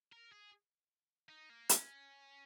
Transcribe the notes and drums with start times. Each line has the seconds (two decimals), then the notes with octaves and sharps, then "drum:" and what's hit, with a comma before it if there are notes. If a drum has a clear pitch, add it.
0.12 A#4
0.32 G#4
1.29 D#4
1.50 A#3
1.69 C#4, drum: hi-hat